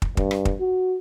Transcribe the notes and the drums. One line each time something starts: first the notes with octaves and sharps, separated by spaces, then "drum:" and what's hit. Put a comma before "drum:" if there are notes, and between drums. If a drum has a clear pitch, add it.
drum: kick
G2, drum: kick
drum: rim click
drum: kick
F#4